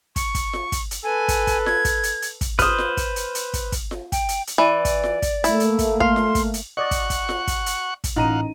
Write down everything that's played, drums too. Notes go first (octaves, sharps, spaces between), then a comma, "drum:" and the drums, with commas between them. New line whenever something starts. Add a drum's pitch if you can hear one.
C#6, drum: kick, hi-hat
drum: kick, hi-hat
drum: snare F4
drum: kick, hi-hat
drum: hi-hat
A4 B4 G#5
drum: kick, hi-hat
drum: kick, hi-hat
G#6, drum: snare F4
drum: kick, hi-hat
drum: hi-hat
drum: hi-hat
drum: kick, hi-hat
B4 C5 D#6 F6, drum: kick, hi-hat
drum: snare F4
drum: kick, hi-hat
drum: hi-hat
drum: hi-hat
drum: kick, hi-hat
drum: kick, hi-hat
drum: snare F4
G5, drum: kick, hi-hat
drum: hi-hat
drum: hi-hat
E3 D5
drum: kick, hi-hat
drum: snare F4
drum: kick, hi-hat
A3 A#3 E4, drum: hi-hat
drum: hi-hat
drum: kick, hi-hat
F5 C6, drum: kick
drum: snare F4
drum: kick, hi-hat
drum: hi-hat
D5 D#5 F#5 C#6
drum: kick, hi-hat
drum: kick, hi-hat
drum: snare F4
drum: kick, hi-hat
drum: hi-hat
drum: kick, hi-hat
A1 D#4 F4 F#5 A#5 D#7